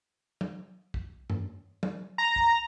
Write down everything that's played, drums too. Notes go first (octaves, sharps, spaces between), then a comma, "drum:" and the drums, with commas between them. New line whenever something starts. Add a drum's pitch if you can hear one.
drum: tom F#3
drum: kick
drum: tom G2
drum: tom F#3
A#5
drum: kick